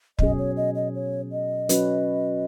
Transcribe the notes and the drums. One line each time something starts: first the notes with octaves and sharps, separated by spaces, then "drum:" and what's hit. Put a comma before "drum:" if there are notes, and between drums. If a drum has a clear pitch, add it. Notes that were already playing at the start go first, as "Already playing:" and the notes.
B2 F#3 C#4 G#4 D#5, drum: kick
C#5
D#5
D#5
C#5
D#5
F#3 C#4 F#4 B4, drum: hi-hat